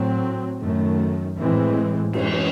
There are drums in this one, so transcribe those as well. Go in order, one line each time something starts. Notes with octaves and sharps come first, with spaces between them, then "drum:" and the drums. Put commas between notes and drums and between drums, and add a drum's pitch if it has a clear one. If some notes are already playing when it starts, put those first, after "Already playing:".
Already playing: A2 F#3 C4
F#2 D#3 A3
A2 E3 G#3 C4
F#2 E3 G#3 C#4, drum: cymbal